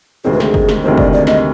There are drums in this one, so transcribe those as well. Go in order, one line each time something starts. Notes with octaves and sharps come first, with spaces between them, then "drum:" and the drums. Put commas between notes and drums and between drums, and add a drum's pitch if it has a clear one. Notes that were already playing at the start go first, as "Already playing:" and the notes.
D2 C3 D#3 G#3 C4 G#4
B4
G#4, drum: snare
drum: kick
drum: snare
D2 C3 D#3 G#3 C4 C5
D5, drum: kick
D5
D#5, drum: snare